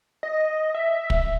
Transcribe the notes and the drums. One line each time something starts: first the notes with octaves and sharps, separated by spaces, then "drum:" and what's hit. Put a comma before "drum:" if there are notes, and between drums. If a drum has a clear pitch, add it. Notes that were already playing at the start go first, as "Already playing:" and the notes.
D#5
E5
drum: kick